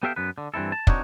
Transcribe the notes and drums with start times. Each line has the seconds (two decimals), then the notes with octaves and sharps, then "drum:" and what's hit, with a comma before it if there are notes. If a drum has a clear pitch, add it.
0.03 B3 G4 A4 E5 F5 G5
0.16 F#2 B3 B4
0.38 D3
0.54 G2 E3 C4 E4 A4
0.72 A5
0.87 C4 D4 D#4 F#4 C#5, drum: kick